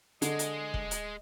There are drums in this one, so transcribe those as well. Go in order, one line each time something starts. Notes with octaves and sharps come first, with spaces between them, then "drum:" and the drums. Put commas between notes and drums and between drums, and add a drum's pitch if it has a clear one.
D3 G#3 D#5, drum: hi-hat
drum: hi-hat
drum: kick E1
drum: hi-hat